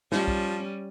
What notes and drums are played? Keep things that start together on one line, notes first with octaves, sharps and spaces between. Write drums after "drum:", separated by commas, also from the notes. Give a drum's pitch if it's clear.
F3 G3 C#4, drum: snare
drum: kick B1